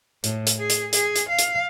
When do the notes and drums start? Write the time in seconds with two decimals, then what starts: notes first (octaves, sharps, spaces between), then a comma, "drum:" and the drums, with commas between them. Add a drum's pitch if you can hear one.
0.24 A2, drum: hi-hat
0.47 drum: hi-hat
0.59 G#4
0.70 drum: hi-hat
0.93 G#4, drum: hi-hat
1.16 drum: hi-hat
1.29 F5
1.39 drum: hi-hat